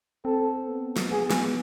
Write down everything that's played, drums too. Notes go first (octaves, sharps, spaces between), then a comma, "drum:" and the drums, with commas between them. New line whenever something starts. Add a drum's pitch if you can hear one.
C4 A4
B3
drum: snare
B3 G#4
drum: snare